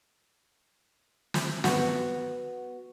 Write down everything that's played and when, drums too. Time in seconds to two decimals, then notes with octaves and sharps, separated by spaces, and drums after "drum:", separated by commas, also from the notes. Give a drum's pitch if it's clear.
1.34 drum: snare
1.64 B3 F#4, drum: snare